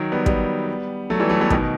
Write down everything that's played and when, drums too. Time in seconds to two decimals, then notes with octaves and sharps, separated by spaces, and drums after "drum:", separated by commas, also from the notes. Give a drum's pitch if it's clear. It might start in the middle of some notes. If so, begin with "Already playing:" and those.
Already playing: D#3 F#3
0.12 G3 B3
0.26 G3 B3, drum: kick
1.10 F#3 A3
1.20 E3 G3
1.30 F#3 A3
1.41 G3 B3
1.50 B2 D#3, drum: kick